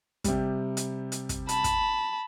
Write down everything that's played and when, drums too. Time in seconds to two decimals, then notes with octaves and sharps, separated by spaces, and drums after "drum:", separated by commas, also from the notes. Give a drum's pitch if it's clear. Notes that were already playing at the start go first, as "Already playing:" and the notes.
0.24 C3 G3, drum: kick, hi-hat
0.77 drum: hi-hat
1.12 drum: hi-hat
1.29 drum: kick, hi-hat
1.49 A5 B5, drum: hi-hat
1.64 drum: kick, hi-hat